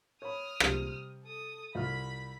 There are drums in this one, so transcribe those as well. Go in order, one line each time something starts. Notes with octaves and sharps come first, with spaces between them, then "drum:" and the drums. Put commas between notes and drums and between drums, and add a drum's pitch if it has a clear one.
C#5 B5 D#6 F6
C3 G3 C4, drum: rim click
A4 D#6
C2 F4 B5 F6 B6